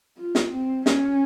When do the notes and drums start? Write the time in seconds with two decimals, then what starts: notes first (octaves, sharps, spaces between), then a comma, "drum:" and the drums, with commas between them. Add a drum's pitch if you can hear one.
0.18 F4
0.35 drum: snare
0.52 C4
0.86 C#4, drum: snare